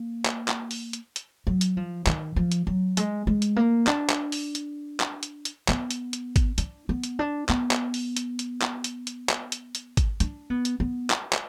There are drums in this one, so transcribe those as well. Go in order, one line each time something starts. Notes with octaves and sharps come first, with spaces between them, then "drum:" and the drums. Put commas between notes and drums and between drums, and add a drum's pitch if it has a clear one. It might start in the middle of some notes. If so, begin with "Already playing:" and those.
Already playing: A#3
drum: clap
drum: clap
drum: open hi-hat
drum: hi-hat
drum: hi-hat
F#3
drum: hi-hat
F3
D#3, drum: clap
F3
drum: hi-hat
F#3
G#3, drum: hi-hat
G#3
drum: hi-hat
A#3
D4, drum: clap
drum: clap
drum: open hi-hat
drum: hi-hat
drum: clap
drum: hi-hat
drum: hi-hat
B3, drum: clap
drum: hi-hat
drum: hi-hat
drum: kick G#1, hi-hat
D4, drum: hi-hat
B3
drum: hi-hat
D4
B3, drum: clap
drum: clap
drum: open hi-hat
drum: hi-hat
drum: hi-hat
drum: clap
drum: hi-hat
drum: hi-hat
drum: clap
drum: hi-hat
drum: hi-hat
drum: kick G#1, hi-hat
D4, drum: hi-hat
B3
drum: hi-hat
B3
drum: clap
drum: clap